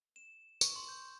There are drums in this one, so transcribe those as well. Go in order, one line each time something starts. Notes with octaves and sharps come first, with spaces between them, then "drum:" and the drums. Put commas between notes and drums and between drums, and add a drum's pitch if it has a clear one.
E7
C#6, drum: tambourine
C6
G6